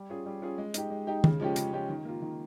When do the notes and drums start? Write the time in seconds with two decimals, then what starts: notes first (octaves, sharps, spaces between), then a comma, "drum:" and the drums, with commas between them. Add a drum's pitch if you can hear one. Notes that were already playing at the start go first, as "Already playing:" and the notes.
Already playing: G3
0.10 C#4 F4 G#4
0.26 G3
0.42 C#4 F4 G#4
0.58 G#3
0.74 D#4 G4, drum: hi-hat
0.90 G#3
1.07 D#4 G4
1.24 C#3, drum: tom D#3
1.40 F3 G#3 C#4 G4
1.56 C#3, drum: hi-hat
1.73 F3 G#3 C#4 G4
1.89 D#3
2.05 A#3 F4
2.22 D#3